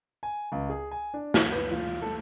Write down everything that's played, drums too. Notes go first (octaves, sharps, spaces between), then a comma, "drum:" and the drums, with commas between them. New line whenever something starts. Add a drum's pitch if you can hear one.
G#5
C#2
G#4
G#5
D4
F#4, drum: snare
B4
F4
A4